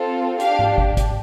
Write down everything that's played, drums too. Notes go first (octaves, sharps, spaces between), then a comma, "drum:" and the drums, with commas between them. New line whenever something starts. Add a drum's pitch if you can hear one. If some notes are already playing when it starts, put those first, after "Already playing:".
Already playing: C4 F4 A4
D4 G4 F5, drum: hi-hat
drum: tom G#2
drum: kick
drum: kick, hi-hat